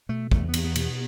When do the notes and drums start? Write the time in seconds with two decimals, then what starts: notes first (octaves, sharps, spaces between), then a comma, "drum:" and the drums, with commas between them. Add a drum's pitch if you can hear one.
0.09 B2 A3
0.31 E2 A3, drum: kick
0.49 B3
0.54 E2, drum: cymbal
0.64 B3
0.76 B2, drum: cymbal
0.81 B3